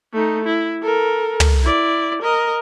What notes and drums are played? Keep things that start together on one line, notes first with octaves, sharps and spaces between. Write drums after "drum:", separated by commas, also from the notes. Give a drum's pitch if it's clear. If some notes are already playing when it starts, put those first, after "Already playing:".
A3 D#4
E4
A4 A#4
drum: tom
E4 D5
A#4 D#5